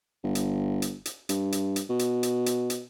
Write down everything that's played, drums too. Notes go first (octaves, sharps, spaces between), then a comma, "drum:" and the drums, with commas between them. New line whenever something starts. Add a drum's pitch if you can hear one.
G1
drum: hi-hat
drum: hi-hat
drum: hi-hat
G2, drum: hi-hat
drum: hi-hat
drum: hi-hat
B2
drum: hi-hat
drum: hi-hat
drum: hi-hat
drum: hi-hat